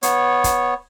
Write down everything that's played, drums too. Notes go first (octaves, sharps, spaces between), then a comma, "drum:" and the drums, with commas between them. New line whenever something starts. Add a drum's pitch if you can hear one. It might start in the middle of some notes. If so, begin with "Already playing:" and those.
B3 C#5, drum: hi-hat
drum: kick, hi-hat